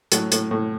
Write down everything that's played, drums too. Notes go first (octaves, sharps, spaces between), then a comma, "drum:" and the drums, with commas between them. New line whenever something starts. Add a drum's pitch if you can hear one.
A2 F#3, drum: hi-hat
A2, drum: hi-hat
A2